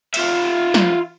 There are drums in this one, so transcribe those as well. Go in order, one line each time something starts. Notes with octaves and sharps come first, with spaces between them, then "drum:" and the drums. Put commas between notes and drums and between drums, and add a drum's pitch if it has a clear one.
F4 E5, drum: cymbal
drum: snare